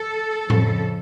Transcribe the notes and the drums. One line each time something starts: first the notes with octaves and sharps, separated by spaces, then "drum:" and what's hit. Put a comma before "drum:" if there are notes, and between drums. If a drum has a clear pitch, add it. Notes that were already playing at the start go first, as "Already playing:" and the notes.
Already playing: A4
F2 C#3 F3, drum: tom A2